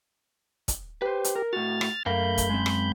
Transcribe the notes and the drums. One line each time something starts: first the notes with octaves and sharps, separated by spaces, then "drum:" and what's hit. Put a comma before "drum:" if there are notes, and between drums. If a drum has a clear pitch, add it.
drum: kick, hi-hat
G4 B4 C5
drum: hi-hat
A#4
A2 F#4 F6 A6
drum: rim click
F#2 A3 A#4 F5 B5 G6
drum: kick, hi-hat
G#3 C4
drum: rim click